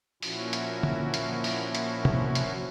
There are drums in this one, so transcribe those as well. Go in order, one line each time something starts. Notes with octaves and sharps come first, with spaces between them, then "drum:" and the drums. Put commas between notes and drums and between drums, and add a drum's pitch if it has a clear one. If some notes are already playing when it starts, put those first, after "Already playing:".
A#2 F3 C#4 E4 F#4, drum: open hi-hat
drum: hi-hat
drum: tom
drum: hi-hat
drum: open hi-hat
drum: hi-hat
drum: tom
drum: hi-hat